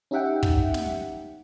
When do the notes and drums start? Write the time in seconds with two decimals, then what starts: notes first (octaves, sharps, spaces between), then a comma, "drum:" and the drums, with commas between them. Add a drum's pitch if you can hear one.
0.11 C#4 D#4 G4 E5 F#5 G5
0.43 drum: kick
0.74 drum: snare